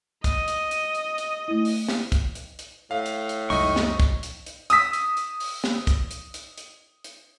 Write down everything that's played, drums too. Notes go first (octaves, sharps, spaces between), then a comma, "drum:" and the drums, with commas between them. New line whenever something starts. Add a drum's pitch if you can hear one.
D#5, drum: kick, hi-hat
drum: hi-hat
drum: hi-hat
drum: hi-hat
drum: hi-hat
A3 E4
drum: open hi-hat
drum: snare
drum: kick, hi-hat
drum: hi-hat
drum: hi-hat
A2 F5
drum: hi-hat
drum: hi-hat
C#2 F#2 C#3 D#4 D#5 C#6, drum: open hi-hat
drum: snare
drum: kick, hi-hat
drum: hi-hat
drum: hi-hat
D#6 E6 B6, drum: hi-hat
drum: hi-hat
drum: hi-hat
drum: open hi-hat
drum: snare
drum: kick, hi-hat
drum: hi-hat
drum: hi-hat
drum: hi-hat
drum: hi-hat